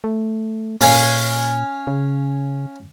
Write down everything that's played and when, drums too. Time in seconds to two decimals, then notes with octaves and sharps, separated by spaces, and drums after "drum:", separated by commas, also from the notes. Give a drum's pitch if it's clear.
0.04 A3
0.81 A#2 C#4 F5 G#5, drum: open hi-hat
1.87 C#3